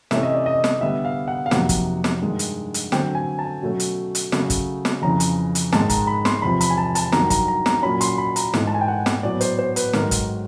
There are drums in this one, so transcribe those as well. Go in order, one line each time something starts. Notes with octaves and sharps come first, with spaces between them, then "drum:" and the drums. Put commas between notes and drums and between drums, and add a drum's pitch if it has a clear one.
C3 E3 A3 C#4 E5, drum: snare
D#5
D5
D#5
drum: snare
D3 G3 B3 E5
F5
F#5
F5
F2 C3 D#3 F#3 A#3 F#5, drum: snare
drum: kick, hi-hat
drum: snare
G2 D#3 G#3
drum: hi-hat
drum: hi-hat
D3 F#3 A3 C4 G5, drum: snare
G#5
A5
B2 F#3 A3 C#4
drum: hi-hat
drum: hi-hat
C#3 F#3 A3 C#4, drum: snare
drum: kick, hi-hat
drum: snare
F2 C#3 E3 A#5
drum: hi-hat
drum: hi-hat
G#2 D#3 G#3 A5, drum: snare
A#5, drum: kick, hi-hat
B5
C6, drum: snare
E2 C3 F3 B5
B5, drum: hi-hat
G#5
A5
A5, drum: hi-hat
G2 D#3 F#3 A#5, drum: snare
A#5, drum: kick, hi-hat
A#5
A#5, drum: snare
A#2 F#3 A#3 C#4 B5
C6, drum: hi-hat
B5
A#5, drum: hi-hat
G#2 E3 A3, drum: snare
A5
G#5
G5
F#5
drum: snare
A2 F#3 B3 D5
C5, drum: hi-hat
C5
B4, drum: hi-hat
G#2 D#3 F#3 A3 A#4, drum: snare
drum: kick, hi-hat